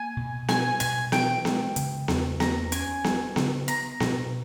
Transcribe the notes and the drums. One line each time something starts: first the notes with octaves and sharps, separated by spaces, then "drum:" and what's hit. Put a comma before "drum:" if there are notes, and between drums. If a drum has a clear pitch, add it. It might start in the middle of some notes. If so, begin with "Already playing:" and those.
Already playing: A#3 G#5
B2
G3 G#5, drum: snare B3
B2 G#5, drum: hi-hat
E3 G5, drum: snare B3
G#3, drum: snare B3
C#3, drum: hi-hat
E2, drum: snare B3
A#3 A#5, drum: snare B3
C#4 G#5, drum: hi-hat
G3, drum: snare B3
C#3, drum: snare B3
B3 A#5, drum: hi-hat
B2, drum: snare B3